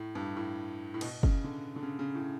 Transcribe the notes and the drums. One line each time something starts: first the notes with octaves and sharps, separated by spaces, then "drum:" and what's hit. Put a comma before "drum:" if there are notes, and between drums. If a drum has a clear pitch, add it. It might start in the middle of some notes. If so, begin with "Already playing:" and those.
Already playing: A2
G2
A2
A2
B2, drum: cymbal
C#3, drum: kick F#1
D3
D3
C#3
C#3
A2